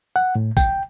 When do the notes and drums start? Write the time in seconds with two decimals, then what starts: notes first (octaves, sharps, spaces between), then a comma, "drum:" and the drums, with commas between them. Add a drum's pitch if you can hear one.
0.16 F#5
0.35 A2
0.57 G5, drum: kick, tambourine